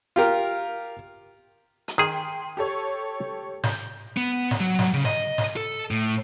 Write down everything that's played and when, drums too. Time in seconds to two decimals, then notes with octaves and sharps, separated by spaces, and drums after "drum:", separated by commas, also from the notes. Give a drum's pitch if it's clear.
0.16 F4 G4 A#4
1.88 drum: hi-hat
1.98 D#3 G#4 G5 C6
2.57 G4 A4 C#5
3.64 G6, drum: snare
4.17 B3
4.51 drum: snare
4.61 F#3
4.79 drum: snare
4.93 C#3
5.05 D#5, drum: snare
5.38 drum: snare
5.57 A4
5.91 A2